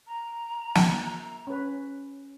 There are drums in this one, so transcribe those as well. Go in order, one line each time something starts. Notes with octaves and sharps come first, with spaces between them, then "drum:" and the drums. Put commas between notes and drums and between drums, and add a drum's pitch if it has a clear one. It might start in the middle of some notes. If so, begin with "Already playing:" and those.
A#5
drum: snare
C#4 B4